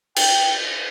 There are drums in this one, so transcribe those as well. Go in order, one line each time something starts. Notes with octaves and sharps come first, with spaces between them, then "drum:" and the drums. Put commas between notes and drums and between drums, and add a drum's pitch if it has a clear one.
G5, drum: cymbal